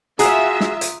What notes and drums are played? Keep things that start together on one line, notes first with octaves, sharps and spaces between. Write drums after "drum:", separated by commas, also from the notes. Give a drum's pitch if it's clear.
F4 F#4 G#4 E5 A#5 D#6 F#6, drum: hi-hat
drum: snare
drum: hi-hat